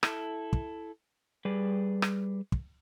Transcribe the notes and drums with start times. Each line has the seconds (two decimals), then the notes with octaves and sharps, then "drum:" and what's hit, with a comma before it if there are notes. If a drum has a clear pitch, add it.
0.03 E4 A4, drum: rim click
0.53 drum: kick
1.45 G3 G#4 B4 D5
2.02 drum: rim click
2.52 drum: kick